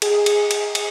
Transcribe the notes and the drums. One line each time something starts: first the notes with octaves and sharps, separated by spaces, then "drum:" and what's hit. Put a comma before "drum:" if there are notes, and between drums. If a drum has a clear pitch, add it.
G#4, drum: cymbal
drum: cymbal
drum: cymbal
drum: cymbal